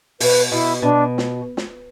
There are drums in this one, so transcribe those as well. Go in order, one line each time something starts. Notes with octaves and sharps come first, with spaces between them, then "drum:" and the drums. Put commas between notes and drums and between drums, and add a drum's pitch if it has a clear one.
B2 B4, drum: open hi-hat
B2 E4
B2 D4
drum: snare
drum: snare